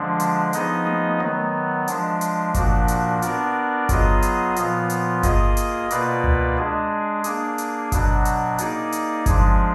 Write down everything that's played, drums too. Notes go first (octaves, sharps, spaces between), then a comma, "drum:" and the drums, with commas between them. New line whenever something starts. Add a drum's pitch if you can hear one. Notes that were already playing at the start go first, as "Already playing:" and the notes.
Already playing: D3 F3 G#3 D4
drum: hi-hat
F3 B3 D#4 G#4 D#5, drum: hi-hat
drum: tom A3
D#3 F#3 B3, drum: tom A3
F3 G#3 D4, drum: hi-hat
drum: hi-hat
A#2 F3 A#3 D4 F#4, drum: kick G1, hi-hat
drum: hi-hat
B3 D4 F#4 A#4 D5, drum: hi-hat
F#3 B3 F4 G#4 D#5, drum: kick G1, hi-hat
drum: hi-hat
A#2 F3 B3 F4, drum: hi-hat
drum: hi-hat
A#3 F4 G#4 D#5, drum: kick G1, hi-hat
drum: hi-hat
B2 A#3 F4 B4 D5, drum: hi-hat
drum: tom C#2
G#3 D4 G#4
A#3 D4 G#4, drum: hi-hat
drum: hi-hat
B2 F#3 D4 F#4, drum: kick G1, hi-hat
drum: hi-hat
A#3 D#4 G#4 D5, drum: hi-hat
drum: hi-hat
F3 G#3 D4 G#4, drum: kick G1, hi-hat